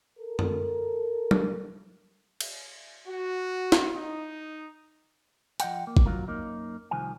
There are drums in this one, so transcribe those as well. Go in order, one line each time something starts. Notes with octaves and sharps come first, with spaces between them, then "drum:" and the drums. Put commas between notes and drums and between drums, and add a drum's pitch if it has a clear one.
A4 A#4
drum: tom F#2
drum: tom
drum: cymbal
F#4
drum: snare
D#4
F3 D#5 F#5 G5, drum: hi-hat
A#3
drum: kick G#1
F#3 F4 A#4
F#2 A#3 D#4
C2 D#3 F3 G#5